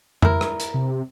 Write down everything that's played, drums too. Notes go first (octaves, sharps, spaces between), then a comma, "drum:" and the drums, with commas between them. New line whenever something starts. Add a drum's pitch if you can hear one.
E4 A#4, drum: tom F2
drum: rim click
drum: hi-hat
C3